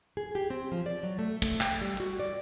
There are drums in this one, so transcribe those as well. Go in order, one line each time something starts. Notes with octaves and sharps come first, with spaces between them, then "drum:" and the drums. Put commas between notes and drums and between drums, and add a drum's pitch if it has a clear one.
G#4
G4
C4
F3
D5
F#3
A3
A3, drum: kick
G5, drum: clap
G3
F#4
D5